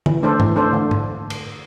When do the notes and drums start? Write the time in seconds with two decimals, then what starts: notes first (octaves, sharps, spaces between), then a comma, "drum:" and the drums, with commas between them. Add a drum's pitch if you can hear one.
0.06 E3, drum: tom
0.23 A3 D4 A4 C5
0.40 E3, drum: tom G#2
0.56 A3 D4 A4 C5
0.73 D3
0.91 drum: tom G#2
1.30 drum: cymbal